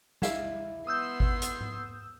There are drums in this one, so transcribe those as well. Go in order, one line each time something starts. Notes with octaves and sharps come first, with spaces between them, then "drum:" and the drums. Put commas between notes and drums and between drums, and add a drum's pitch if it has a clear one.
E4 E5 F5, drum: snare
B3 C6 D#6 E6 G6
drum: kick G#1
drum: hi-hat
drum: tom G#2